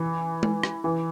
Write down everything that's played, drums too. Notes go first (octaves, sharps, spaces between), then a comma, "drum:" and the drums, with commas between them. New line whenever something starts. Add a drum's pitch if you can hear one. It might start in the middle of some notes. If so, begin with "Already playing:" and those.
Already playing: E3
drum: tom G#3
drum: rim click
E3